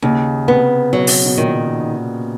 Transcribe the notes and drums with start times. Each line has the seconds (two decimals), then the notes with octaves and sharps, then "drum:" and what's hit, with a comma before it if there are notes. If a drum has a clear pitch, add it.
0.02 D#2 C#3
0.48 C3 B3
0.93 B2 F#3
1.07 drum: open hi-hat
1.26 B2
1.38 A#2 D#3